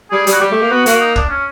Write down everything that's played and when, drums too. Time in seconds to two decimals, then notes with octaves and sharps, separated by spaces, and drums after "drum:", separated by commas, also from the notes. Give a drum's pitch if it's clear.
0.11 G3 G#4
0.27 G3, drum: hi-hat
0.32 F#4
0.41 G3 G4
0.52 A3
0.62 A#3
0.71 B3 F#4
0.86 A#3 F#4, drum: hi-hat
1.01 D#4
1.16 D4, drum: kick
1.30 C#4